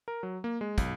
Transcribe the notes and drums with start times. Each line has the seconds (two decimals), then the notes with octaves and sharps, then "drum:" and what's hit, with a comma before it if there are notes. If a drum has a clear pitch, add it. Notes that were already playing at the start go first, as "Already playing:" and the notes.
0.08 A#4
0.23 F#3
0.44 A#3
0.61 G#3
0.78 B1, drum: kick, hi-hat